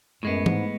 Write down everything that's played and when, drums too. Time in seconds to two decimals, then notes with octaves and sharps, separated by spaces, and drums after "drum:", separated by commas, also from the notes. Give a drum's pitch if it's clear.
0.23 F#2 A2 G#3 B3
0.46 G#2, drum: tom E3